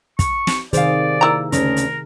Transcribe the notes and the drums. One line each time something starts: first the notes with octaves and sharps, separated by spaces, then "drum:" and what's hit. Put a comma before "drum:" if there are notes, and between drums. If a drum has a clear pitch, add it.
C#6, drum: kick, hi-hat
drum: snare
C3 D#3 G#4 C5 D5 F5, drum: hi-hat
A#3 E4 A#5
D2 C#3 C#4 A#4, drum: hi-hat
drum: hi-hat